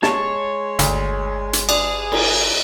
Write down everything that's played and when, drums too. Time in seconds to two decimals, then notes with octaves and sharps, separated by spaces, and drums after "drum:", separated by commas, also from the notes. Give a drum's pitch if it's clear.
0.03 G#3 C#5 A5, drum: snare
0.79 G1 D2, drum: hi-hat
1.53 drum: hi-hat
1.69 D4 G#4, drum: cymbal
2.12 drum: cymbal